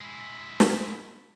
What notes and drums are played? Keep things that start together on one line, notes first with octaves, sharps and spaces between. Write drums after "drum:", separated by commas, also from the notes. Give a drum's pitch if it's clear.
G#3 E4
drum: snare